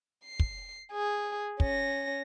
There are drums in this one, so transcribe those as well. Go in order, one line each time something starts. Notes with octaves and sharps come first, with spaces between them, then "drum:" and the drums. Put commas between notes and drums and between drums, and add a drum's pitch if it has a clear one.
C7
drum: kick
G#4
C#4 A#6, drum: kick